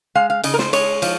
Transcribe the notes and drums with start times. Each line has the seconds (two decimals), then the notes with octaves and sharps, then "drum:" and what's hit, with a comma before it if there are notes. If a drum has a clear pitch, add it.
0.15 G#3 F5
0.30 F5
0.44 C#3 D#5, drum: cymbal
0.54 A#4
0.59 C5, drum: snare
0.73 G#3 C#5, drum: cymbal
1.02 F3, drum: cymbal